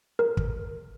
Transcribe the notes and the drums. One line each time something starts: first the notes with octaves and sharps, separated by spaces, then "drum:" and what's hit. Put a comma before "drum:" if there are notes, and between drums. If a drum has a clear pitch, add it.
A#4
drum: kick